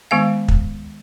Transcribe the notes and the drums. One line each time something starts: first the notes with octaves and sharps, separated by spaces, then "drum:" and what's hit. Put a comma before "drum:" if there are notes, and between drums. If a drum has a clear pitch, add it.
D#3 G#3 B3 F5
drum: kick